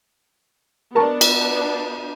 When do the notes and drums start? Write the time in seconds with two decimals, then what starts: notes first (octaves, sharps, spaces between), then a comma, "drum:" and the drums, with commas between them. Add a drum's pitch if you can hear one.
0.95 B3 D4 A#4 A5 C#6
1.21 drum: cymbal